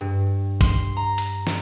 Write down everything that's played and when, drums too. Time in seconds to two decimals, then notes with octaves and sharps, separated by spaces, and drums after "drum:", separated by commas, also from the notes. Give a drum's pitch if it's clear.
0.01 G2
0.61 C6, drum: kick, hi-hat
0.97 A#5
1.18 drum: hi-hat
1.47 drum: snare